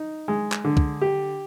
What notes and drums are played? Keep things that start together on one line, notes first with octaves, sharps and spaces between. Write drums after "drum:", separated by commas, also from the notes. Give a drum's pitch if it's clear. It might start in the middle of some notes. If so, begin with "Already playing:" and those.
Already playing: D#4
G#3
drum: clap
D3
drum: kick
G4